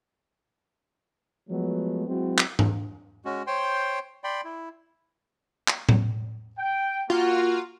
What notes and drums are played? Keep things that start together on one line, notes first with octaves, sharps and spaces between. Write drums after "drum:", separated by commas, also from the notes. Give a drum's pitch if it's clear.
F3 F#3 G#3 A3 B3
F#3 G#3 C4 E4 F#4
drum: clap
drum: tom G#2
G#3 C#4 F#4
C5 C#5 G5 C6
D5 G5 B5 C6
E4
drum: clap
drum: tom A2
G5
A#3 F4 F#4